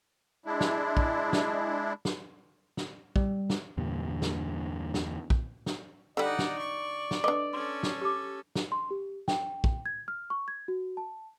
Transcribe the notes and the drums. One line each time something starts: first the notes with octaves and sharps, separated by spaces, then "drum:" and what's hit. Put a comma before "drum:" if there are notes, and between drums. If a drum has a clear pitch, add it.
G#3 D4 E4
drum: snare
drum: kick
drum: snare
drum: snare
drum: snare
G3, drum: kick
drum: snare
E2 G2 A#2 D3
drum: snare
drum: snare
drum: kick
drum: snare
D3 G3 D#4 D5 F#5
drum: snare
C#6
drum: snare
D4 A4 B4 D#5 D6
C#4 A4 C6
drum: snare
G4 A5 D6
drum: snare
C6
G4
G5, drum: snare
drum: kick
G#6
F6
C#6
G#6
F#4
A5